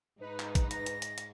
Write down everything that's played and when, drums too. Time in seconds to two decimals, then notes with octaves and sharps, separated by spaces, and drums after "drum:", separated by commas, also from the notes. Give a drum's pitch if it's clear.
0.21 G#2 D#4 B4
0.40 drum: clap
0.55 drum: kick, hi-hat
0.71 A#6, drum: hi-hat
0.86 drum: hi-hat
1.02 drum: hi-hat
1.18 drum: hi-hat